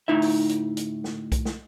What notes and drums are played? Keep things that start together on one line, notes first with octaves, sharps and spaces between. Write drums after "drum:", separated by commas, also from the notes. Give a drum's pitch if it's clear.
D2 A2 D#4 E4 E5
drum: open hi-hat
drum: hi-hat
drum: hi-hat
drum: snare
drum: kick B1, hi-hat
drum: snare